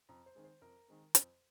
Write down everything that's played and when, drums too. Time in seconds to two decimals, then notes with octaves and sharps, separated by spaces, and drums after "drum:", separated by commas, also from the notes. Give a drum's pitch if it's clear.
0.09 F2 A#5
0.26 C5
0.35 D#3 G#3 C4
0.44 C5
0.61 F2 A#4
0.88 D#3 G#3 C4
1.15 F2 C5, drum: hi-hat